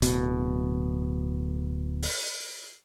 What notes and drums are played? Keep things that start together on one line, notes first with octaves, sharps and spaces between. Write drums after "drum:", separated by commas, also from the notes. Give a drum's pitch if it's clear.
D1 B2, drum: hi-hat
drum: open hi-hat